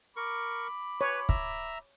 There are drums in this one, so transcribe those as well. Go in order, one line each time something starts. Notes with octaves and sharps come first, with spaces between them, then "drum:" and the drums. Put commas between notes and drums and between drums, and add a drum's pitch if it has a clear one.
A#4 B5 C#6 D6
B4 C#5
E5 A#5, drum: kick